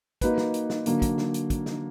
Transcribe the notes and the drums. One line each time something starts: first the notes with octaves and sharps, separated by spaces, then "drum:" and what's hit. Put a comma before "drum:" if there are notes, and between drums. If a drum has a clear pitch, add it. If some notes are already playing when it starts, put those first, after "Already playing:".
A#3 D#4 F#4 B4, drum: kick, hi-hat
drum: snare
drum: hi-hat
drum: snare
D3 F#3 A#3, drum: hi-hat
drum: kick, hi-hat
drum: snare
drum: hi-hat
drum: kick, hi-hat
drum: snare